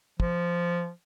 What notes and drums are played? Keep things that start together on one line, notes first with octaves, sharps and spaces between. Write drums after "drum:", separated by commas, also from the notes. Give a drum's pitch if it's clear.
F3, drum: kick